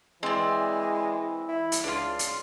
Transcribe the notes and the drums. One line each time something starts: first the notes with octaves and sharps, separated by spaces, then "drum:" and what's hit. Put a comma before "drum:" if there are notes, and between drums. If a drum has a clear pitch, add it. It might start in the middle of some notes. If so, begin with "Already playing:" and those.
E3 G#3 C4 D5
E4
drum: hi-hat
C#2 D4 F4
drum: hi-hat